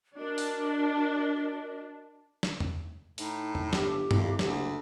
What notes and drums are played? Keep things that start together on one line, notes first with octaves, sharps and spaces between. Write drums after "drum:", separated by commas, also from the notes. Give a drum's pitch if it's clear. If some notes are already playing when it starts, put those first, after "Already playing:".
D4 F#4 A#4 D#5
drum: open hi-hat
drum: snare
drum: tom E2
A2 D#4, drum: open hi-hat
drum: tom E2
G1 G4, drum: snare
C2 F2, drum: tom G2
F#1 D2, drum: snare